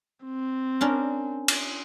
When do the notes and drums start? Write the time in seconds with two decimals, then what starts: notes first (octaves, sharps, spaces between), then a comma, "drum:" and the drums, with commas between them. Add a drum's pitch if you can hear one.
0.24 C4
0.81 C#4 D4 A#4
1.48 drum: cymbal